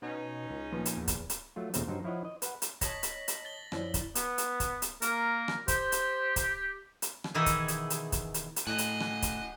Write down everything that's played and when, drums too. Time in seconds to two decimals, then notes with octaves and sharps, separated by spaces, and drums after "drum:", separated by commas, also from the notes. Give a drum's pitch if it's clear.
0.02 B2 C#4 D#4
0.50 C#2
0.71 A#2 F3 B3
0.86 drum: hi-hat
0.97 E2
1.08 drum: kick, hi-hat
1.30 drum: hi-hat
1.56 F#3 A3 F4
1.74 D#2 A#2 C#3 A3 C4, drum: hi-hat
1.87 G2 F#3 D#4 C5
2.04 F3 E4 C#5 D#5 F#5
2.25 D#5
2.42 B4 F#5, drum: hi-hat
2.62 drum: hi-hat
2.81 C#5 D#5 A5 A#6 B6 F#7, drum: kick, hi-hat
3.03 B6, drum: hi-hat
3.28 drum: hi-hat
3.45 A6 F#7 G7
3.72 F#2 F3 E4 C#5 D5, drum: rim click
3.94 drum: kick, hi-hat
4.15 B3, drum: hi-hat
4.38 drum: hi-hat
4.60 drum: kick, hi-hat
4.82 drum: hi-hat
5.02 A#3 A#4, drum: hi-hat
5.48 drum: rim click
5.68 G4 C5, drum: kick, hi-hat
5.92 drum: hi-hat
6.36 drum: kick, hi-hat
7.02 drum: hi-hat
7.24 drum: rim click
7.34 B2 D#3 E3 D#4 E4 G#4
7.46 drum: kick, hi-hat
7.68 drum: hi-hat
7.90 drum: hi-hat
8.12 drum: kick, hi-hat
8.34 drum: hi-hat
8.56 drum: hi-hat
8.67 A2 F#4 D#5 G#5 A5 F#6
8.78 drum: hi-hat
9.00 drum: rim click
9.22 drum: kick, hi-hat